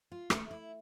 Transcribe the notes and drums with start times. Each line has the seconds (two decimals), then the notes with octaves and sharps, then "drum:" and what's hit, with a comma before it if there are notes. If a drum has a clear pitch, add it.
0.12 F4
0.30 A3, drum: rim click
0.51 E4